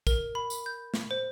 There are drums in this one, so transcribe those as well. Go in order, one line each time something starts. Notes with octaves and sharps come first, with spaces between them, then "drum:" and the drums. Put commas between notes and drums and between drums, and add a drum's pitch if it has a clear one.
A#4, drum: kick, tambourine
B5
drum: tambourine
G6
drum: snare
C5